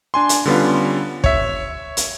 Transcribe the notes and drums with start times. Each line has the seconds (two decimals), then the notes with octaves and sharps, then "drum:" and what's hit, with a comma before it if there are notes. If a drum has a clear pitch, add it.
0.14 D4 G#5 C6
0.29 drum: hi-hat
0.46 D3 G3 B3 C#4 F4
1.24 C#5 E5, drum: kick
1.97 drum: hi-hat